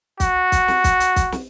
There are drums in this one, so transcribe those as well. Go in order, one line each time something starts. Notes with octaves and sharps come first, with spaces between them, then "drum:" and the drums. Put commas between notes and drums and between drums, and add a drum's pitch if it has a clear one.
F#4, drum: kick, hi-hat
drum: kick, hi-hat
drum: snare
drum: kick, hi-hat
drum: hi-hat
drum: kick, hi-hat
drum: snare